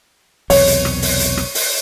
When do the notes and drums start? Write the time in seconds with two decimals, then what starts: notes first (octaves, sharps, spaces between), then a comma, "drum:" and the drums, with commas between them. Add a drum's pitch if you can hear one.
0.50 B1 E2 C3 C#5, drum: open hi-hat
0.67 drum: hi-hat
0.85 drum: rim click
1.02 drum: open hi-hat
1.20 drum: hi-hat
1.37 drum: rim click
1.55 drum: open hi-hat